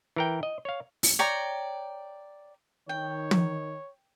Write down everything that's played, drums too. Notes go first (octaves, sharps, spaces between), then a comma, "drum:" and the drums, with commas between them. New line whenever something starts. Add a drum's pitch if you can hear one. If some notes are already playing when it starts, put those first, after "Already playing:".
E3 A#4 G5
D#5
C#5 F5
drum: open hi-hat
C#5 D5 G5 A#5
D#3 C#5 G5
drum: tom